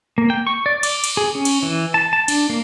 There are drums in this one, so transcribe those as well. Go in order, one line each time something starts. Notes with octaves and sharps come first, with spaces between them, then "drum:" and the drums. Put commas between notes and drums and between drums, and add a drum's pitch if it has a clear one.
A#3
G5
C#6
D5
D6, drum: cymbal
drum: cymbal
G#4
C#4
drum: cymbal
E3
A5
A5
D4, drum: cymbal
A#3